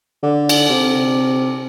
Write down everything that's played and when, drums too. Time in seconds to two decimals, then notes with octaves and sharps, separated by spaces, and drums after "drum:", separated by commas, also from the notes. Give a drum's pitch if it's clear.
0.23 D3
0.49 drum: cymbal
0.70 C3